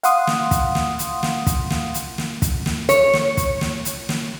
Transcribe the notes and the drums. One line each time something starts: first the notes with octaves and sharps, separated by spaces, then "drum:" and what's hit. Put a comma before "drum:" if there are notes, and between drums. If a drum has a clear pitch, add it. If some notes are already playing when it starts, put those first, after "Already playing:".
F5 F#5 C6 D#6, drum: hi-hat
drum: snare
drum: kick, hi-hat
drum: snare
drum: hi-hat
drum: snare
drum: kick, hi-hat
drum: snare
drum: hi-hat
drum: snare
drum: kick, hi-hat
drum: snare
C#5, drum: hi-hat
drum: snare
drum: kick, hi-hat
drum: snare
drum: hi-hat
drum: snare